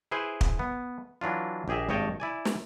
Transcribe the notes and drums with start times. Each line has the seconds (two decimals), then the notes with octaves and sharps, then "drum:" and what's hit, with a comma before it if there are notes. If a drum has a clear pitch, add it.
0.11 E4 G#4 B4 C5
0.41 drum: kick
0.59 B3
1.21 E3 F#3 D4 F4
1.68 A#1 G4 G#4 D#5 E5
1.89 G#1 G2 C#5 D#5 G5 A5
2.20 E4 D5 G#5
2.45 drum: snare